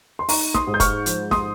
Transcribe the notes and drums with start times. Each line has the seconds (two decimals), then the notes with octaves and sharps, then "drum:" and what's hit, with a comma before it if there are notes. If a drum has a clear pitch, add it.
0.19 C6
0.29 D#4 A#5 C#6, drum: open hi-hat
0.54 C6 D#6, drum: snare
0.67 G#2
0.74 G6
0.80 C#6 F6, drum: kick, hi-hat
1.06 F3, drum: hi-hat
1.31 C6 D#6, drum: snare